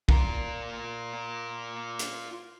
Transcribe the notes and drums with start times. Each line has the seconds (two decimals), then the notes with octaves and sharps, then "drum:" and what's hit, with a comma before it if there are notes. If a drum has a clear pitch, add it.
0.09 F4 A#4, drum: kick
1.99 drum: hi-hat